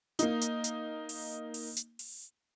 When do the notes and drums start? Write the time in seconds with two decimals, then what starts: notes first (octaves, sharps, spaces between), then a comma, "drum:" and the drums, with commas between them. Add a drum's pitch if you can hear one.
0.19 A#3 D#4, drum: hi-hat
0.41 drum: hi-hat
0.64 drum: hi-hat
1.09 drum: open hi-hat
1.54 drum: open hi-hat
1.77 drum: hi-hat
1.99 drum: open hi-hat